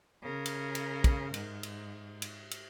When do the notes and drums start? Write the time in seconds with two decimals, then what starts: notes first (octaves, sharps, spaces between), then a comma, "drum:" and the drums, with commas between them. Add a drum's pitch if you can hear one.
0.22 C#3 A#4
0.45 drum: cymbal
0.75 drum: cymbal
1.04 drum: kick, cymbal
1.34 G#2, drum: cymbal
1.63 drum: cymbal
2.22 drum: cymbal
2.51 drum: cymbal